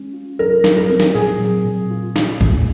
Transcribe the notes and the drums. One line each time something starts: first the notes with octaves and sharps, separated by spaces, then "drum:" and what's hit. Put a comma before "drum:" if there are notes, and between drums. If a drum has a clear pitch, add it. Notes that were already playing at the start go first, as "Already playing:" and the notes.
Already playing: G#3 C#4
F4
F#3 A#4
F#3, drum: snare
A#4
C4
drum: snare
A#2 G#4
F#3
A#2
F4
F3, drum: snare
A3, drum: kick